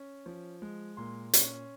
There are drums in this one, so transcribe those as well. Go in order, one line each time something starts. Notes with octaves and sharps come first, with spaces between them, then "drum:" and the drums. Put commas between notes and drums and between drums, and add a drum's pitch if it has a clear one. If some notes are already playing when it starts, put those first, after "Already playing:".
Already playing: C#4
F3
G#3
A#2 C6
C#4, drum: hi-hat